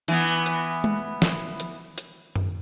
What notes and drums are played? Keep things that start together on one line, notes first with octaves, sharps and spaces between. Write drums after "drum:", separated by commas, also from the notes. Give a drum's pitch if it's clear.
E3 B3, drum: hi-hat
drum: hi-hat
drum: tom G#3
drum: snare
drum: hi-hat
drum: hi-hat
drum: tom F#2